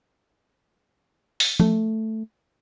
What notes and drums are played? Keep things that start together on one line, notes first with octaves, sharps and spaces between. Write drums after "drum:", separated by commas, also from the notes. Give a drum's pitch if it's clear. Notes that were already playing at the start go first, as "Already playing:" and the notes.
drum: open hi-hat
A3, drum: tom F3